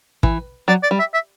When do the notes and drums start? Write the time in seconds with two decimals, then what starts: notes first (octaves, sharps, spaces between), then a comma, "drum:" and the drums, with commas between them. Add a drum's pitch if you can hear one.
0.23 E3, drum: kick
0.68 F#3 D5
0.83 D5
0.91 G3
0.99 E5
1.14 E5